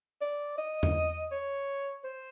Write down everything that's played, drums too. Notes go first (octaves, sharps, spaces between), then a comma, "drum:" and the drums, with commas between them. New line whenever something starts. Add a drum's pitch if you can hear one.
D5
D#5
drum: tom E2
C#5
C5